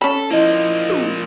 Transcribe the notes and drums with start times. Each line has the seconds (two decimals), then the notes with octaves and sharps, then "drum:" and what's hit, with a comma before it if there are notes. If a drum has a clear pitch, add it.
0.02 C#4 A4 B5
0.30 F3 A#3 E4 D#5
0.90 drum: tom